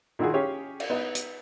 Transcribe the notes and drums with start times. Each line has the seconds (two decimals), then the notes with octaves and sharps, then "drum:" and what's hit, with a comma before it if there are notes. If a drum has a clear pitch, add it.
0.19 A#2 D#3 E4 F#4 G#4
0.34 C#4 G4 G#4 C#5 F5
0.80 drum: cymbal
0.90 B3 D#4
1.15 drum: hi-hat